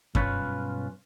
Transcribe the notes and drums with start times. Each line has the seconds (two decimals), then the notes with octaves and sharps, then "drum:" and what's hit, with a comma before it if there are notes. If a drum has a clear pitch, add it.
0.15 B1 G2 C#4 F4 B4 C#5, drum: kick F#2